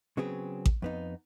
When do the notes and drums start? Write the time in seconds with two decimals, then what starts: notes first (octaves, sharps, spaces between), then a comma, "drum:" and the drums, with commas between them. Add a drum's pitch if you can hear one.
0.17 C#3 F#3 B3 C4 G#4
0.66 drum: kick A1
0.82 F2 B3 D#4